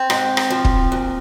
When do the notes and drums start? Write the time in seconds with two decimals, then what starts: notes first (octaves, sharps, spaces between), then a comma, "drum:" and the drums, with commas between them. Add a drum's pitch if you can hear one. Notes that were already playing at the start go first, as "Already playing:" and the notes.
Already playing: C4
0.10 G#2, drum: rim click
0.37 drum: rim click
0.50 F3
0.65 drum: kick
0.92 A#2